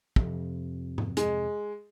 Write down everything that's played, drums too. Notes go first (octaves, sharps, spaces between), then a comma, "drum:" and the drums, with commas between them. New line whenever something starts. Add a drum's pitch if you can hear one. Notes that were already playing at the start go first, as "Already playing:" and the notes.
F2 C3, drum: kick
drum: tom G#2
G#3, drum: hi-hat